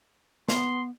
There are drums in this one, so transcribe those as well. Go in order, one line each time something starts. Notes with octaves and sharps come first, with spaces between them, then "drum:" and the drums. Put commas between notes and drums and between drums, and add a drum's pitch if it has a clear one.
B3 C6, drum: snare